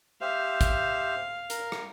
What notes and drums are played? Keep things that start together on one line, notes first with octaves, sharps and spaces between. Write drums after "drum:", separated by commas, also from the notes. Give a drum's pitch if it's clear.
G4 C5 E5 F5
drum: kick, hi-hat
A#4, drum: hi-hat
drum: rim click